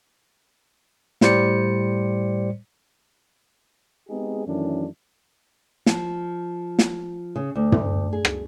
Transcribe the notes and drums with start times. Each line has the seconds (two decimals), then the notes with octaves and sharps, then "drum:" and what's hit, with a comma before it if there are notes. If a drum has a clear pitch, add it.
1.21 A2 G3 C5 D5 C#7, drum: snare
4.09 G#3 B3 C4 D#4 G4 G#4
4.46 F#2 D#3 E3 A3 C#4 D4
5.86 F3, drum: snare
6.79 drum: snare
7.36 C#3
7.55 D2
7.72 drum: tom
8.13 G#4
8.25 drum: rim click